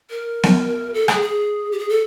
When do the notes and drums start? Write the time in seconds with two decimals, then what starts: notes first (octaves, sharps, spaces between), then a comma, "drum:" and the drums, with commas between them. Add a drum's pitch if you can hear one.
0.10 A#4
0.43 drum: snare B3
0.94 A4
1.08 G#4, drum: rim click
1.22 G#4
1.72 G4
1.78 G#4
1.89 A4